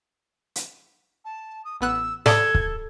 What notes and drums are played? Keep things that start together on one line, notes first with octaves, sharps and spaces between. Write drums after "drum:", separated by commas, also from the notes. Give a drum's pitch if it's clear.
drum: hi-hat
A5
D#6
A1 B3 E6 F#6
A4 D5 D#6 G#6, drum: snare
drum: kick